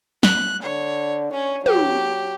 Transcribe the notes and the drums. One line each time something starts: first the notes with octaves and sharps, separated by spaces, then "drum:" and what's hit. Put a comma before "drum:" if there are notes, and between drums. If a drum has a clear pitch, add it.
F#6, drum: snare
D3 C#5
C#4 C#5
F#3 G4, drum: tom